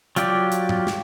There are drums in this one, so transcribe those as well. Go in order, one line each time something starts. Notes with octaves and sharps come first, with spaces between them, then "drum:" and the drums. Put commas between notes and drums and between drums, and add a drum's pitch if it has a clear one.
F#3 F4 G4 D5, drum: hi-hat
drum: hi-hat
drum: tom G#2
drum: snare